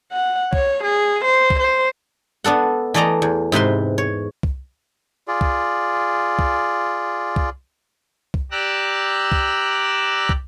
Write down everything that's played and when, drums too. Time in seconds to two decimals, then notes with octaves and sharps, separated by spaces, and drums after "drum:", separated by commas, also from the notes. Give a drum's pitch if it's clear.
0.12 F#5
0.53 C#5, drum: kick
0.84 G#4
1.25 C5
1.50 drum: kick
1.60 C5
2.44 B3 D4 A4 F#5
2.94 E3 A3 D5 D#5 A#5
3.22 E2
3.52 G#2 C3 B4 C6
3.98 C#5
4.43 drum: kick
5.28 F4 G#4 D5
5.41 drum: kick
6.39 drum: kick
7.36 drum: kick
8.34 drum: kick
8.51 G4 D5 A#5 E6 F#6
9.32 drum: kick
10.29 drum: kick